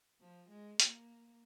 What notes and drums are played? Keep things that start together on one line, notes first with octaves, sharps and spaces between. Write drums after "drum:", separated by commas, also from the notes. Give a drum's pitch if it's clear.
F3
G#3
A#3, drum: hi-hat